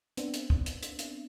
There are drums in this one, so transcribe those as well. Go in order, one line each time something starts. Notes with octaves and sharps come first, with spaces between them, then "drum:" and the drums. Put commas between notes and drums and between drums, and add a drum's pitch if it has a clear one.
B3 C4 D4, drum: hi-hat
drum: hi-hat
drum: kick
drum: hi-hat
drum: hi-hat
drum: hi-hat